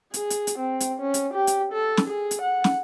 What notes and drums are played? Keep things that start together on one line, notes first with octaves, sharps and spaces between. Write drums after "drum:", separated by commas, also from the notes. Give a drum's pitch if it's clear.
G#4, drum: hi-hat
drum: hi-hat
drum: hi-hat
C4
drum: hi-hat
C#4
drum: hi-hat
G4
drum: hi-hat
A4
drum: snare
G#4
drum: hi-hat
F#5
drum: snare